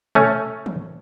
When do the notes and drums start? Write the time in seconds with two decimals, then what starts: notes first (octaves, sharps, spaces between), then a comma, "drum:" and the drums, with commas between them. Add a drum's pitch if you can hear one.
0.15 A3 C#4, drum: tom A#2
0.66 drum: tom D#3